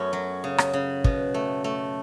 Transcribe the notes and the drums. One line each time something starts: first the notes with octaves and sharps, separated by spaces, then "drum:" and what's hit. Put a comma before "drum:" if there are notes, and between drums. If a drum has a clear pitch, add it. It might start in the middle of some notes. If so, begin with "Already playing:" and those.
Already playing: F#2 A3 B3 C#4
F#3
C#3
drum: rim click
C#3
B2, drum: kick
A3
A3